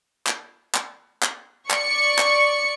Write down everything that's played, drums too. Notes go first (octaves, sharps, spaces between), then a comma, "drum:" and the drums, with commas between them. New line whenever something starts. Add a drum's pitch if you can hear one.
drum: clap
drum: clap
drum: clap
D5 C#6 C#7, drum: clap
drum: clap